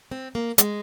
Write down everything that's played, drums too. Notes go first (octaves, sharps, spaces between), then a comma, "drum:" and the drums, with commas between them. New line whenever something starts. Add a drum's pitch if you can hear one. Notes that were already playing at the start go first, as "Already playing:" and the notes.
C4
A#3
G#3, drum: hi-hat